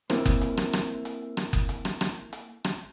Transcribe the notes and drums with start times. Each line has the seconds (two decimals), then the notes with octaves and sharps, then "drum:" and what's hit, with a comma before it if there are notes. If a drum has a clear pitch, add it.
0.10 A#3 C4 E4 A#4 C5, drum: rim click
0.26 drum: kick F#1
0.41 drum: hi-hat
0.57 drum: rim click
0.73 drum: rim click
1.05 drum: hi-hat
1.37 drum: rim click
1.53 drum: kick F#1
1.69 drum: hi-hat
1.85 drum: rim click
2.01 drum: rim click
2.33 drum: hi-hat
2.64 drum: rim click